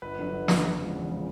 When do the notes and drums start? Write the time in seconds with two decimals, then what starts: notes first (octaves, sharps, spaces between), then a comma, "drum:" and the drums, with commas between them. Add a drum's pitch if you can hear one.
0.02 G1 B4
0.18 G2 D3 F#3
0.33 G1
0.48 G2 D3 F#3, drum: snare
0.64 E2
0.79 C#3 F3 G#3
0.95 E2
1.09 C#3 F3 G#3